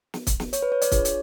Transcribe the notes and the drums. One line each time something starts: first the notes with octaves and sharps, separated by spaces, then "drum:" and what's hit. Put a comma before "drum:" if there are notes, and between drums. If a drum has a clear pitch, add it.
drum: snare
drum: kick, hi-hat
drum: snare
C#5, drum: hi-hat
B4
C#5
D5, drum: hi-hat
D4 F4 G#4 C#5, drum: kick, hi-hat
drum: hi-hat